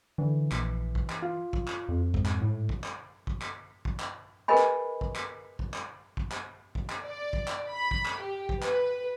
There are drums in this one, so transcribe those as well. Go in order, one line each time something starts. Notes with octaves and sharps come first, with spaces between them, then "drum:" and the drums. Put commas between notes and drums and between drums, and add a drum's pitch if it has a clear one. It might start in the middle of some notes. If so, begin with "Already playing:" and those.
D3 E3
A#1, drum: clap
drum: kick
drum: clap
F4
drum: kick
drum: clap
F2
G#2, drum: kick
drum: clap
A2
drum: kick
drum: clap
drum: kick
drum: clap
drum: kick
drum: clap
G#4 A#4 B4 D#5 G#5 B5
drum: clap
drum: kick
drum: clap
drum: kick
drum: clap
drum: kick
drum: clap
drum: kick
drum: clap
D5
drum: kick
drum: clap
B5
drum: kick
drum: clap
G4
drum: kick
B4, drum: clap